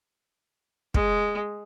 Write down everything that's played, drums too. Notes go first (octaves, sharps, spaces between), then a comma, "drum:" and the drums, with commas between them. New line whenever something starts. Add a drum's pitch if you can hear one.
G#3, drum: kick